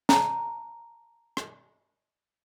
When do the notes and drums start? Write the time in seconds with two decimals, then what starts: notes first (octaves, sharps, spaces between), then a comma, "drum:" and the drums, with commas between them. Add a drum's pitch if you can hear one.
0.09 A5 A#5, drum: snare
1.37 drum: rim click